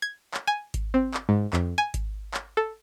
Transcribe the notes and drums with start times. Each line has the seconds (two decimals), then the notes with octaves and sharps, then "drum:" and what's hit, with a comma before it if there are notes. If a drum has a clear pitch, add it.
0.02 G#6
0.34 drum: clap
0.47 G#5
0.74 drum: kick G#1, hi-hat
0.94 C4
1.14 drum: clap
1.29 G#2
1.53 F2, drum: clap
1.78 G#5
1.94 drum: kick G#1, hi-hat
2.34 drum: clap
2.57 A4